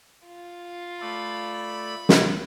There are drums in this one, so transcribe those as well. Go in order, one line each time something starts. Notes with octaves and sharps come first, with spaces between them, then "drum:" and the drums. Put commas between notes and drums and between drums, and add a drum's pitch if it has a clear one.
F4
A3 A4 D5 B5
drum: snare